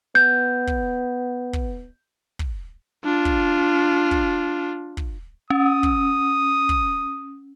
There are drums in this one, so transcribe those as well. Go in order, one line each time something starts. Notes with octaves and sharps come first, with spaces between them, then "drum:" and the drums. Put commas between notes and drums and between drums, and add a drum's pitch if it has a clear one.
B3 G6
drum: kick
drum: kick
drum: kick
D4 F4
drum: kick
drum: kick
drum: kick
C#4 D#6
drum: kick
drum: kick